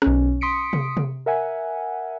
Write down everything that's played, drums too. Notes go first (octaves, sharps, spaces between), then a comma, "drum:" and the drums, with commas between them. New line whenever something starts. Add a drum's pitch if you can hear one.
B1 C#4, drum: rim click
C6 D#6 B6 C#7 D7
drum: tom C3
drum: tom C3
A#4 E5 F#5 G#5